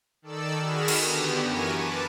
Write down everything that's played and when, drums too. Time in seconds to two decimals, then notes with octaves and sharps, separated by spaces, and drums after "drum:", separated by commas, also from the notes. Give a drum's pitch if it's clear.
0.22 D#3 A4 D5 E6
0.59 D#3 F#4 G#4 B5 F6 E7
0.88 drum: cymbal
0.99 D3 B3 G4
1.41 F#2 E3 A#4 G#5 C#6 D#7
1.72 B4 A5 D6